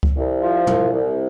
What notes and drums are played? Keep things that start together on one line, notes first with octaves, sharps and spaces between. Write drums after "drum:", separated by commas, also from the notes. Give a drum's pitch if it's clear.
drum: kick C#2
C2
F3
C2, drum: tom
C2